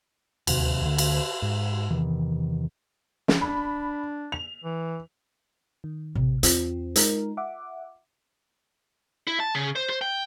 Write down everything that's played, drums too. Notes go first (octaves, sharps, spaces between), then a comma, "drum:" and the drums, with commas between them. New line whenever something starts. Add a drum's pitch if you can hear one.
D1 D#2 C3, drum: cymbal
D2 D3
drum: cymbal
G#2
E2 C3 D#3 E3
drum: snare
D4 B5
F7
E3
D#3
A1 C3
E2 C4 F4, drum: hi-hat
G#3 D#4 A#4, drum: hi-hat
E5 F#5 D6
E4
A5
C#3
C5
C5
G5